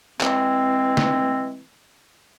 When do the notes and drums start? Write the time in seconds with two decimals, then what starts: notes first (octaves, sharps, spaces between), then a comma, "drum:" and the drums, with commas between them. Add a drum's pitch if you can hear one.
0.21 E3 G#3 C4, drum: clap
0.97 drum: snare